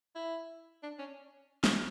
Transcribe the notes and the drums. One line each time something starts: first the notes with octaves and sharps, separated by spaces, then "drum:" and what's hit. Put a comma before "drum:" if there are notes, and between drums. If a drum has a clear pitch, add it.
E4
D4
C#4
drum: snare